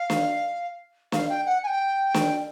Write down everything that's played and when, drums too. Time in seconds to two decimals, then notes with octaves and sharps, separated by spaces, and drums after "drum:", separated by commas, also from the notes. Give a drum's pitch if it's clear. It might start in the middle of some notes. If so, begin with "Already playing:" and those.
Already playing: F5
0.10 drum: snare
1.12 F5, drum: snare
1.29 G5
1.46 F#5
1.63 G#5
1.67 G5
2.14 drum: snare